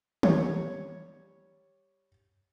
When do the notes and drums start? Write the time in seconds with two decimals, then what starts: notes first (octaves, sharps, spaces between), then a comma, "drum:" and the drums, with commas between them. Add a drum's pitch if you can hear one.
0.23 G3 C#5, drum: tom D#3